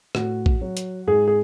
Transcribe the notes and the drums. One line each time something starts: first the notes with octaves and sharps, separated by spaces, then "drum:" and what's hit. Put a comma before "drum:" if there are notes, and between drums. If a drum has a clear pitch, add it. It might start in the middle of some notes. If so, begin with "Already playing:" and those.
A2 F#4, drum: rim click
drum: kick A#1
F#3
drum: hi-hat
G#2 G#4
G#4